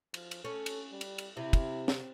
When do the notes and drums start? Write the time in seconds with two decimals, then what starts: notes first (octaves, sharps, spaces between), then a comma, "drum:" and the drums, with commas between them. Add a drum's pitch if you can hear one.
0.14 F3, drum: cymbal
0.31 drum: cymbal
0.45 C#4 A4
0.66 drum: cymbal
0.92 G3
1.01 drum: cymbal
1.18 drum: cymbal
1.37 C3 E4
1.53 drum: kick, cymbal
1.88 drum: snare